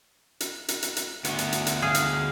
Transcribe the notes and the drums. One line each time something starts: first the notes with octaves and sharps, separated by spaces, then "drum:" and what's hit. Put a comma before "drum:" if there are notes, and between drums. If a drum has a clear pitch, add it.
drum: hi-hat
drum: hi-hat
drum: hi-hat
drum: hi-hat
D2 B3, drum: hi-hat
drum: hi-hat
drum: hi-hat
drum: hi-hat
G#4 F5
drum: hi-hat